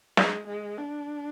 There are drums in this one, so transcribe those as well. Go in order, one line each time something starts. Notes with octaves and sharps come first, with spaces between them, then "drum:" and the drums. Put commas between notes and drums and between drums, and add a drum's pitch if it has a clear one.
G#3, drum: snare
G#3
D4